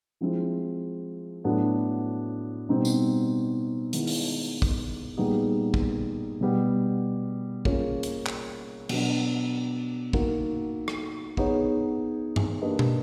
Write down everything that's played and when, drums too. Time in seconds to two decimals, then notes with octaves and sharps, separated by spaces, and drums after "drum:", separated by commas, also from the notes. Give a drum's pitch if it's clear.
0.21 F3 G#3 C4 E4
1.44 A2 F#3 B3 D4
2.69 B2 G3 C4 D#4
2.85 drum: tambourine
3.93 D#3 G#3 B3 E4, drum: hi-hat
4.07 drum: open hi-hat
4.62 drum: kick
5.17 A#2 G3 B3 D#4 G#4
5.74 drum: kick
6.41 B2 G3 B3
7.65 A#3 C#4 F4 G#4, drum: kick
8.03 drum: hi-hat
8.27 drum: clap
8.89 B2 F#3 B3 D4, drum: cymbal
10.13 A#3 D#4 F#4 A#4, drum: kick
10.88 drum: rim click
11.37 B3 D#4 G#4 C#5, drum: kick
12.36 drum: tom G2
12.62 A#3 D4 G4 B4 D#5
12.79 drum: tom B2